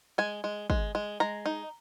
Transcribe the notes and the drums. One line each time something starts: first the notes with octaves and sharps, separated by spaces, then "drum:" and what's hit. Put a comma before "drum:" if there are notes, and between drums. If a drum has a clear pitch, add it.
G#3 G#5
G#3
G#3, drum: kick
G#3
G#3 A#5
D#4